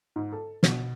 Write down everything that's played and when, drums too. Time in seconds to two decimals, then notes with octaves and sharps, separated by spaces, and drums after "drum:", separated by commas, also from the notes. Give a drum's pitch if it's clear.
0.16 G#2
0.32 A4
0.63 B2, drum: snare